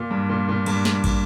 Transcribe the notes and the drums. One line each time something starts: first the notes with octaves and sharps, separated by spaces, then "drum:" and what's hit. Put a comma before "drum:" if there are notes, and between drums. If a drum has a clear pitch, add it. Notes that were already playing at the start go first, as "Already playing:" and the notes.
Already playing: A#2
G2
A#2
A#2
G2, drum: cymbal
drum: snare
drum: kick, cymbal